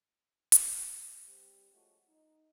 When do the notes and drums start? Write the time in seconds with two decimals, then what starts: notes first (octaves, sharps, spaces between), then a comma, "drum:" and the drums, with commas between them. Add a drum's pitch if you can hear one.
0.52 drum: hi-hat
1.26 G3 C4
1.72 F3 G#3 A3 C#4 F4 F#4
2.07 D#4